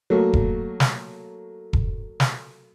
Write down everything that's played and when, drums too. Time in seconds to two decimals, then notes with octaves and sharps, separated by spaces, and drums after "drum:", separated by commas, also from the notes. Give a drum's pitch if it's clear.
0.10 F#3 A3 A#3
0.33 drum: kick E1
0.80 drum: snare
1.73 drum: kick E1
2.20 drum: snare